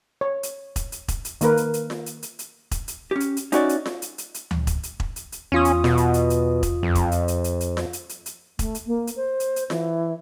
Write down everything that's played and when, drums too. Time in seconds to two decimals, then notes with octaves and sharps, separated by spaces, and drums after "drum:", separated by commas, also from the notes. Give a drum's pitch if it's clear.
0.21 C#5
0.43 drum: hi-hat
0.76 drum: kick E1, hi-hat
0.92 drum: hi-hat
1.08 drum: kick E1, hi-hat
1.25 drum: hi-hat
1.41 D#3 A#3 A#4 B4, drum: hi-hat
1.57 drum: hi-hat
1.74 drum: hi-hat
1.90 drum: snare F4
2.06 drum: hi-hat
2.23 drum: hi-hat
2.39 drum: hi-hat
2.71 drum: kick E1, hi-hat
2.88 drum: hi-hat
3.11 C#4 G4
3.20 drum: hi-hat
3.37 drum: hi-hat
3.52 C#4 D#4 F#4 D5 E5, drum: hi-hat
3.69 drum: hi-hat
3.86 drum: snare F4
4.02 drum: hi-hat
4.18 drum: hi-hat
4.34 drum: hi-hat
4.51 drum: tom D2
4.67 drum: kick E1, hi-hat
4.83 drum: hi-hat
5.00 drum: kick E1
5.16 drum: hi-hat
5.32 drum: hi-hat
5.52 E2 C#4 F4 D#6
5.65 drum: hi-hat
5.84 B2, drum: snare F4
5.97 drum: hi-hat
6.14 drum: hi-hat
6.30 drum: hi-hat
6.63 drum: kick E1, hi-hat
6.83 F2
6.95 drum: kick E1, hi-hat
7.12 drum: hi-hat
7.28 drum: hi-hat
7.44 drum: hi-hat
7.61 drum: hi-hat
7.77 drum: snare F4
7.93 drum: hi-hat
8.09 drum: hi-hat
8.26 drum: hi-hat
8.59 A3, drum: kick E1, hi-hat
8.75 drum: hi-hat
8.87 A#3
9.07 drum: hi-hat
9.16 C5
9.40 drum: hi-hat
9.56 drum: hi-hat
9.70 E3, drum: snare F4